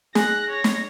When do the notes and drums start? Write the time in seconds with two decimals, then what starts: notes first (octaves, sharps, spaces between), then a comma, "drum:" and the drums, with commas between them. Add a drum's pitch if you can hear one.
0.15 G#4 F#6 A#6, drum: snare
0.50 C#5 A#6
0.64 drum: snare